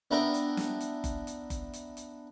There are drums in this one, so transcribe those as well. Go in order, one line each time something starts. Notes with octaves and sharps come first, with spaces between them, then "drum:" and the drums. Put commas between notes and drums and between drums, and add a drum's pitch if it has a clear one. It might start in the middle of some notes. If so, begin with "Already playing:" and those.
B3 D4 E4 A#4 B4 G5
drum: hi-hat
drum: snare
drum: hi-hat
drum: kick F#1, hi-hat
drum: hi-hat
drum: kick F#1, hi-hat
drum: hi-hat
drum: hi-hat